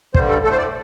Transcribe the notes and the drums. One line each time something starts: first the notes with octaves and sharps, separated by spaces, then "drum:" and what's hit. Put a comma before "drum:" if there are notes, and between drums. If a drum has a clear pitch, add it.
G2 D3 G3 C5, drum: kick
A4
A2 A3 A4
C5
D5